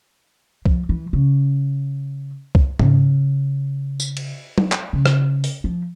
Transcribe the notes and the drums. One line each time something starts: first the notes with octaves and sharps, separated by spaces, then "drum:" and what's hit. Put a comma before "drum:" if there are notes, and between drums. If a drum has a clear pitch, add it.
F3, drum: kick C2
E3
C#3
drum: kick C2
C#3, drum: tom G#2
drum: tambourine
drum: cymbal
drum: tom F#3
drum: clap
C#3
drum: rim click
drum: open hi-hat
F3